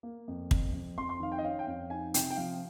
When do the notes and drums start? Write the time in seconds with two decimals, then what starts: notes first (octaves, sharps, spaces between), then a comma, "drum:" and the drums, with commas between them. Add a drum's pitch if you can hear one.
0.03 A#3
0.28 F2
0.51 F2, drum: kick
0.73 F2
0.98 F2 C6
1.09 C6
1.20 D#3 F5
1.32 G5
1.39 D#5
1.43 C#4 F5
1.59 G5
1.67 F2 F5
1.90 D#4 G#5
2.14 C3 G5, drum: hi-hat
2.31 G5
2.37 F3 F5